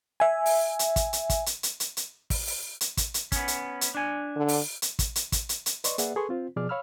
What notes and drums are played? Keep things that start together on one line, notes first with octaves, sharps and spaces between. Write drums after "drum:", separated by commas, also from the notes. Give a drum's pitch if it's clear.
E5 G#5
drum: open hi-hat
drum: hi-hat
drum: kick, hi-hat
drum: hi-hat
drum: kick, hi-hat
drum: hi-hat
drum: hi-hat
drum: hi-hat
drum: hi-hat
drum: kick, open hi-hat
drum: open hi-hat
drum: hi-hat
drum: kick, hi-hat
drum: hi-hat
B3 C#4, drum: kick, hi-hat
drum: hi-hat
drum: hi-hat
D4 G#5
D3
drum: open hi-hat
drum: hi-hat
drum: kick, hi-hat
drum: hi-hat
drum: kick, hi-hat
drum: hi-hat
drum: hi-hat
B4 D5 D#5 C6 C#6, drum: hi-hat
A#3 G#4 B4 D5 E5 F#5, drum: hi-hat
G#4 A4 B4 G#5 C6 C#6
C4 F4 C5
B2 F3 G#4 D5 D6 F6
C#5 F5 B5 E6 F6